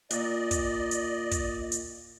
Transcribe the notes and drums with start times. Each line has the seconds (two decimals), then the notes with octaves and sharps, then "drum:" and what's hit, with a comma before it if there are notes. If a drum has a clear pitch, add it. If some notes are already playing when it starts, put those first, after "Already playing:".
0.11 A#2 D5 D#5, drum: hi-hat
0.51 drum: kick, hi-hat
0.91 drum: hi-hat
1.31 drum: kick, hi-hat
1.72 drum: hi-hat